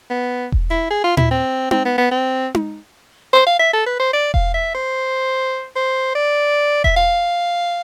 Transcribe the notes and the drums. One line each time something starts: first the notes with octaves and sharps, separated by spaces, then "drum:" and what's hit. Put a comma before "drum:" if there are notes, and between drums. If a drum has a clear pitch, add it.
B3
drum: kick E1
E4
G#4
F4
E4, drum: tom A#2
C4
C4, drum: tom D#4
B3
B3
C4
drum: tom D#4
C5
F5
E5
A4
B4
C5
D5
F5, drum: kick E1
E5
C5
C5
D5
E5, drum: kick E1
F5